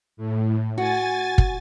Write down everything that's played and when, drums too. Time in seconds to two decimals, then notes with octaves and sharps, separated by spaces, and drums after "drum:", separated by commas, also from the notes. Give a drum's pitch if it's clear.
0.17 A2
0.78 F#4 G#5 A6
1.38 drum: kick